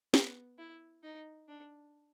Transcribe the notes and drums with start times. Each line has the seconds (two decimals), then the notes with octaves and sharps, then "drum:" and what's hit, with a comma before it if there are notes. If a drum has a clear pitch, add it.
0.14 B3, drum: snare
0.58 E4
1.04 D#4
1.48 D4